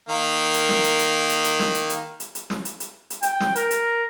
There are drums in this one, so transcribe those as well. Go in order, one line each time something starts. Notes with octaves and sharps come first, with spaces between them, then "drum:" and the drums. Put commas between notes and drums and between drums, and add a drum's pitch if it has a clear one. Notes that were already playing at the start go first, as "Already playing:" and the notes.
D#3 A#3
drum: hi-hat
drum: snare
drum: hi-hat
drum: hi-hat
drum: hi-hat
drum: hi-hat
drum: snare
drum: hi-hat
drum: hi-hat
drum: hi-hat
drum: hi-hat
drum: snare
drum: hi-hat
drum: hi-hat
drum: hi-hat
G5, drum: hi-hat
drum: snare
A#4, drum: hi-hat
drum: hi-hat